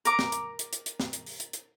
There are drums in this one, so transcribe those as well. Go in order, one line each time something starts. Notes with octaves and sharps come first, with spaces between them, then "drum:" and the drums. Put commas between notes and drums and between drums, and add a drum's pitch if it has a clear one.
A#4 A#5 D6, drum: hi-hat
drum: snare
drum: hi-hat
drum: hi-hat
drum: hi-hat
drum: hi-hat
drum: snare
drum: hi-hat
drum: open hi-hat
drum: hi-hat
drum: hi-hat